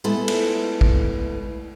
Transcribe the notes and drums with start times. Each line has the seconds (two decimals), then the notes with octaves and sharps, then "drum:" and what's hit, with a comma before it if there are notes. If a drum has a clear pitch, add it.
0.04 G#3 A3 B3 E4 A4
0.28 drum: cymbal
0.81 drum: kick